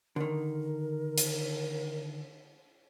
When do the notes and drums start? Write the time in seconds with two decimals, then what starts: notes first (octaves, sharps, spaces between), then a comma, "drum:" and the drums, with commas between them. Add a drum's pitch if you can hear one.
0.16 D3 D#3 A#4
1.18 drum: hi-hat